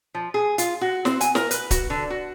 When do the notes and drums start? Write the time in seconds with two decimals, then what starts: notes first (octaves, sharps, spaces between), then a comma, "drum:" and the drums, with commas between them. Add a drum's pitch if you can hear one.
0.15 F3
0.34 G#4
0.58 F4, drum: hi-hat
0.81 F#4
1.05 C4, drum: snare
1.21 G#5, drum: hi-hat
1.35 A#4, drum: snare
1.51 B4, drum: hi-hat
1.71 F#4, drum: kick C#1, hi-hat
1.90 D3
2.10 F#4